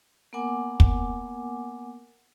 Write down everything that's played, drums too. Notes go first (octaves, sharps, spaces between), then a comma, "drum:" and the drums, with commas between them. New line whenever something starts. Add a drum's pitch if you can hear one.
A#3 B3 A#4 F#5 G#5 D6
drum: kick